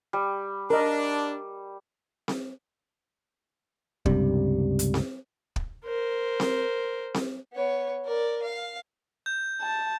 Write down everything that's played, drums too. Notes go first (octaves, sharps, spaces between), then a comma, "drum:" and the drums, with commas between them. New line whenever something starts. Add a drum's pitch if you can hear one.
G3
D4 A#4 D#5
drum: snare C4
C#2 G2 C3 G3, drum: kick
drum: hi-hat
drum: snare C4
drum: kick
A#4 C5
drum: snare C4
drum: snare C4
B3 C#5
A#4 D5
F5
G6
A5